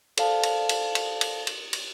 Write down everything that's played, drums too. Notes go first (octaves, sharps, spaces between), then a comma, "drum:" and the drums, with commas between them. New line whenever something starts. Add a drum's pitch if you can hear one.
A4 C5 D5 F5 A5, drum: cymbal
drum: cymbal
drum: cymbal
drum: cymbal
drum: cymbal
drum: cymbal
drum: cymbal